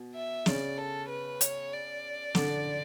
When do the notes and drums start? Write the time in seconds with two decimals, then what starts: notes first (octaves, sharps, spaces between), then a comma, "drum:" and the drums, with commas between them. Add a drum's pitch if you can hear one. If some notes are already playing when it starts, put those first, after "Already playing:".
Already playing: B2
0.15 E5
0.46 C#3 D5, drum: snare
0.78 A4
1.09 B4
1.41 C#5, drum: hi-hat
1.72 D5
2.35 D3, drum: snare